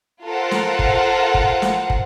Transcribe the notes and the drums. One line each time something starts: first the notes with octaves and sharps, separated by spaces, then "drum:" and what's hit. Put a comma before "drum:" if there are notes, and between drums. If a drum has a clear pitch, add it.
F4 A4 A#4 C5 F5 F#5
drum: snare
drum: kick
drum: kick
drum: snare
drum: kick